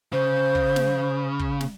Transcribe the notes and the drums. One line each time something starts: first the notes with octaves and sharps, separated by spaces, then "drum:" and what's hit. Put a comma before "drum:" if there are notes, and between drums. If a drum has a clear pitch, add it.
C#3 C5
drum: kick
drum: snare
drum: kick
drum: snare